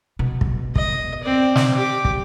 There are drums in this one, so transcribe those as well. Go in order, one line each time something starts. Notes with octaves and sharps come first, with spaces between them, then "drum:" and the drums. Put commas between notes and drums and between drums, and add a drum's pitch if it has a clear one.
B2
drum: kick
D#5, drum: kick
C4 D5
drum: snare
G4 D6
drum: kick